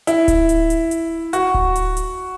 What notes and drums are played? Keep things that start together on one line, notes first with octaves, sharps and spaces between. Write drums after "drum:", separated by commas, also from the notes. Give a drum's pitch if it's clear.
E4, drum: hi-hat
drum: kick D1, hi-hat
drum: hi-hat
drum: hi-hat
drum: hi-hat
F#4, drum: hi-hat
drum: kick D1
drum: hi-hat
drum: hi-hat